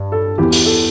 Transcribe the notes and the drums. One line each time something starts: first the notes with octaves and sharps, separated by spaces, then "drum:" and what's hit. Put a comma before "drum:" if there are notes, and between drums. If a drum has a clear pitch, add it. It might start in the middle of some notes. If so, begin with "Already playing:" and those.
Already playing: G2
A4
E2 E3 G4
G4, drum: open hi-hat
A4